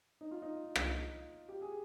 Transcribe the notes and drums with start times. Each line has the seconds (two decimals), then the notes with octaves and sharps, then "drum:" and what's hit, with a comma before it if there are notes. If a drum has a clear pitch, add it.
0.21 D#4
0.31 F4
0.42 D#4
0.76 drum: rim click
1.49 G4
1.62 G#4